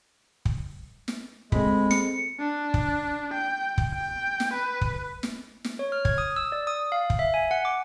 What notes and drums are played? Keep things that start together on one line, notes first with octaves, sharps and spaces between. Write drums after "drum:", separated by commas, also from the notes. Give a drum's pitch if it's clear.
drum: kick
drum: snare
G#3 A3 C4 G#4 B5, drum: kick
C#7, drum: snare
D4
drum: kick
G5
drum: kick
G5
drum: snare
B4
drum: kick
drum: snare
drum: snare
C#5
F6
G#6, drum: kick
D#6
E6
D5
D#6
F5
drum: kick
E5
G#5
F#5
D6